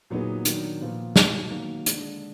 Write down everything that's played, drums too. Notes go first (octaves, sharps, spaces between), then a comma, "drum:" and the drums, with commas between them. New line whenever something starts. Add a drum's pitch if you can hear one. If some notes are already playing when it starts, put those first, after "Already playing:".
A#2 F#3 B3 D#4 G#4
D#3 F#3 D4, drum: hi-hat
A#2 F3 B3 F4
B2 G#3 D#4, drum: snare
D#3 F#3 A#3
D3 G#3 D4, drum: hi-hat